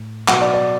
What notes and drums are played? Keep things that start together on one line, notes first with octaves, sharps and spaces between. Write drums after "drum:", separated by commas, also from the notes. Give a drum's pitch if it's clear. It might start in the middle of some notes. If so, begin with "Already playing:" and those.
Already playing: A2
B2 F#3 F#5, drum: clap
D5
D5